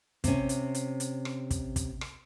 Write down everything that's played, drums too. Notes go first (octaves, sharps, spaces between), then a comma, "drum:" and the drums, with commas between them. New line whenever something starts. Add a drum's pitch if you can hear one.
C3 C#4, drum: kick, hi-hat
drum: hi-hat
drum: hi-hat
drum: hi-hat
drum: rim click
drum: kick, hi-hat
drum: kick, hi-hat
drum: rim click